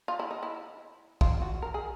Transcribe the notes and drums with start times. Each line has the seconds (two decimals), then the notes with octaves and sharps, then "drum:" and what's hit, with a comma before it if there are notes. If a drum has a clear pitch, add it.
0.08 F4
0.19 E4
0.31 D#4
0.43 E4
1.21 F4, drum: kick A#1
1.42 F#4
1.62 A#4
1.74 G#4